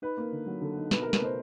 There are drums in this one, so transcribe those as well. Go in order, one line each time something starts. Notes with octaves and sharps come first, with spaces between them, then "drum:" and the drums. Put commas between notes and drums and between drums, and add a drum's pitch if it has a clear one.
D#4 B4
A#3
D3
F#3
D3
D#4
B2 B4, drum: snare
A3 A#4
B4, drum: snare
B2 C5